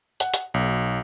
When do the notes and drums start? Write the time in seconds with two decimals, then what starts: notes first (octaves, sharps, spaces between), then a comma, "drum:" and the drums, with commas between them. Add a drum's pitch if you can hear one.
0.20 F#5, drum: hi-hat
0.34 drum: hi-hat
0.54 B1